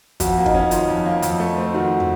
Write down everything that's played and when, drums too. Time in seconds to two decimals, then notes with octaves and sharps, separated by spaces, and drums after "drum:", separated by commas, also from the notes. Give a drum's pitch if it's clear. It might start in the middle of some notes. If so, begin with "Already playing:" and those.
0.20 F2 F#4, drum: kick, hi-hat
0.38 A#3
0.46 D#4, drum: kick
0.55 C#4
0.71 D#3 F4, drum: hi-hat
0.88 F2
1.06 A#3
1.22 F2, drum: hi-hat
1.40 A3
1.57 C4
1.74 D#3 F#4
2.00 drum: tom